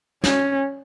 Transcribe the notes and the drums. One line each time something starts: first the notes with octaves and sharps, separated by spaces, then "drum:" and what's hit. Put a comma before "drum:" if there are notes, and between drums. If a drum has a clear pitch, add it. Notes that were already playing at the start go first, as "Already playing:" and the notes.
C#4, drum: snare